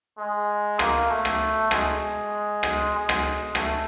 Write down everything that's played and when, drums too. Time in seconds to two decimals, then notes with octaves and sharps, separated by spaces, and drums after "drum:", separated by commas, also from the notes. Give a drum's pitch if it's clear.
0.18 G#3
0.79 A#3, drum: rim click
1.10 A3
1.25 drum: rim click
1.71 G#3, drum: rim click
2.63 drum: rim click
2.94 G#3
3.09 drum: rim click
3.55 A3, drum: rim click